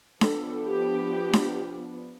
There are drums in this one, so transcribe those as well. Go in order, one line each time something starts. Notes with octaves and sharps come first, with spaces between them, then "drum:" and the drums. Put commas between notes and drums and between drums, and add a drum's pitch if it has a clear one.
F3 B3 D4 A4, drum: snare D4
G4
drum: snare D4